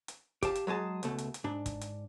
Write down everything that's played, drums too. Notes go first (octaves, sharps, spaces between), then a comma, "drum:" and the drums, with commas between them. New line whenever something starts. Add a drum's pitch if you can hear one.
drum: hi-hat
G4 F5 A5, drum: kick, hi-hat
drum: hi-hat
F#3 G#3 G#4 A5
C#2 B2 A3, drum: hi-hat
drum: hi-hat
drum: hi-hat
G#2 D4
drum: kick, hi-hat
drum: hi-hat